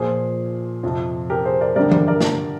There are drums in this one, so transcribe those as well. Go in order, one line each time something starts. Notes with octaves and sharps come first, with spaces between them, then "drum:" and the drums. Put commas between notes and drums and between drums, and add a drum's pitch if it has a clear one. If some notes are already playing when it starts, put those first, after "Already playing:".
Already playing: A#2 F3 G#4 C5
F2 C3 F3
G4 A#4
G#4 C5
A#4 D5
G2 D3 G3 A#4 D5
A#4 D5, drum: tom E3
A#4 D5
drum: snare